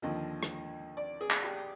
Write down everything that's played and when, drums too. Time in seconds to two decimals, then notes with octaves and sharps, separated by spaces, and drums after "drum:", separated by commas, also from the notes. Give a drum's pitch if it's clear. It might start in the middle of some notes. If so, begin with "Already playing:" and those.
0.02 D#2 D3 F3 D#5
0.43 drum: rim click
0.97 D5
1.21 G#4
1.31 drum: clap
1.44 G4